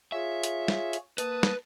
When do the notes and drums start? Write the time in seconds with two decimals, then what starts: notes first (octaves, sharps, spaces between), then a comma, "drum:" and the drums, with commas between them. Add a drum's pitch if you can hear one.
0.12 F4 G#4 C#5 E5
0.43 drum: hi-hat
0.68 drum: snare
0.93 drum: hi-hat
1.18 A#3 B4 A5 D#6, drum: hi-hat
1.43 drum: snare